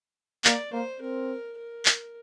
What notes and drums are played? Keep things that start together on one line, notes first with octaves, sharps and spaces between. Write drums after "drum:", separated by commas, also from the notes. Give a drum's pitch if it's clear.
A#3 D5, drum: clap
A#3 C5
C4 A#4
A#4
drum: clap